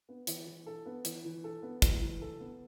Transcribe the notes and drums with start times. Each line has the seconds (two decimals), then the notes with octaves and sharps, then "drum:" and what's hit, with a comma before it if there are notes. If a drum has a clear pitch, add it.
0.09 B3
0.27 E3, drum: hi-hat
0.47 E3
0.66 A4
0.86 B3
1.05 E3, drum: hi-hat
1.25 E3
1.44 A4
1.62 B3
1.82 E3, drum: kick, hi-hat
2.01 E3
2.22 A4
2.40 B3